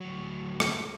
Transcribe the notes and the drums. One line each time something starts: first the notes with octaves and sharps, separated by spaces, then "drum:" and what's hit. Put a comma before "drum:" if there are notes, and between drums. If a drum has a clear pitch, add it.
D2 F#3
drum: rim click